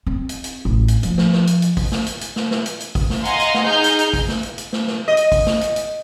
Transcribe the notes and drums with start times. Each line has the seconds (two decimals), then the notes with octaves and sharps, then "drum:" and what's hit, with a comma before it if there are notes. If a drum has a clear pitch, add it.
0.07 C4
0.29 drum: hi-hat
0.44 drum: hi-hat
0.65 A1
0.88 drum: hi-hat
1.03 F3, drum: hi-hat
1.18 drum: snare
1.33 drum: snare
1.47 drum: hi-hat
1.62 drum: hi-hat
1.77 drum: kick, open hi-hat
1.92 drum: snare
2.06 drum: hi-hat
2.21 drum: hi-hat
2.36 drum: snare
2.51 drum: snare
2.66 drum: hi-hat
2.80 drum: hi-hat
2.95 drum: kick, open hi-hat
3.10 drum: snare
3.25 D#5 F5 F#5 G#5 A#5 C6, drum: hi-hat
3.40 drum: hi-hat
3.54 drum: snare
3.64 D#4 G#4 F6 G6
3.84 drum: hi-hat
3.99 drum: hi-hat
4.13 drum: kick, open hi-hat
4.28 drum: snare
4.43 drum: hi-hat
4.58 drum: hi-hat
4.73 drum: snare
4.87 drum: snare
5.08 D#5
5.17 drum: hi-hat
5.32 drum: kick, open hi-hat
5.46 drum: snare
5.61 drum: hi-hat
5.76 drum: hi-hat